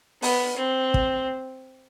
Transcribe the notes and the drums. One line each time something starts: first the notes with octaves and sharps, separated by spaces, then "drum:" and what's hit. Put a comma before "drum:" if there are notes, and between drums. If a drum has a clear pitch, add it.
B3, drum: open hi-hat
C4
drum: kick